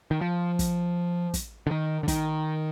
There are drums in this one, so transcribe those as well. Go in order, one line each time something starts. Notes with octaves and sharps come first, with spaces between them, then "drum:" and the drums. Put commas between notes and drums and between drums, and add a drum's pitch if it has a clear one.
D#3
F3
drum: kick, hi-hat
drum: kick, hi-hat
D3
D#3
D3
D#3, drum: kick, hi-hat